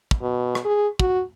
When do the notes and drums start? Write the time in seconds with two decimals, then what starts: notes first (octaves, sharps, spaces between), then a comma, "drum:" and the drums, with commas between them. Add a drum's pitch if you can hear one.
0.11 drum: kick
0.22 B2
0.55 drum: rim click
0.65 G#4
1.00 F#4, drum: kick